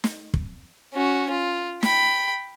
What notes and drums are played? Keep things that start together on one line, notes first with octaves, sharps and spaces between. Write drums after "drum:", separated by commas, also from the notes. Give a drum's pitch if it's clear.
drum: snare
drum: kick
C#4 F#4
F4
G5 B5, drum: snare